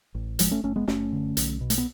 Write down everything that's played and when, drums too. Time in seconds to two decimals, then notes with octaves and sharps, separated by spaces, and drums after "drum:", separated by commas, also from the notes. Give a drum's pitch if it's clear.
0.15 A1
0.39 F#1 F3 G#3, drum: hi-hat
0.51 A3 C#4
0.63 F#1 A3 C#4
0.76 G#3 B3
0.88 F#1 A3 C#4, drum: snare
1.13 D3
1.37 B1, drum: hi-hat
1.61 B2
1.70 A3, drum: hi-hat
1.78 B3